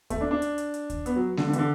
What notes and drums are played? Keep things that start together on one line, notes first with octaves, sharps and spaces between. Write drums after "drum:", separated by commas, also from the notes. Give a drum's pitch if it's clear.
A3, drum: kick D2, hi-hat
D4
D4
drum: hi-hat
drum: hi-hat
drum: hi-hat
drum: kick D2, hi-hat
B3, drum: hi-hat
F#3
D3, drum: snare G#3
D3
E3, drum: hi-hat
D3